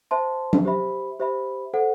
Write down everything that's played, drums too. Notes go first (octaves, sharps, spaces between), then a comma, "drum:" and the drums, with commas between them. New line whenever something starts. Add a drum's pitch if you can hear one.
C5 E5 A5 C6
drum: tom F#3
G4 C5 E5 B5
G4 C5 E5 B5
A4 C5 F#5